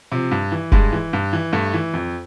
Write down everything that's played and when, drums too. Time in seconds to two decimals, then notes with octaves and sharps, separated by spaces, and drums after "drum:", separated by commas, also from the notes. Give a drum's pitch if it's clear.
0.12 C3 F3
0.31 G2
0.52 E3
0.72 G2 G#3, drum: kick F1
0.92 E3
1.13 G2
1.33 E3
1.53 G2 A3
1.74 E3
1.94 F2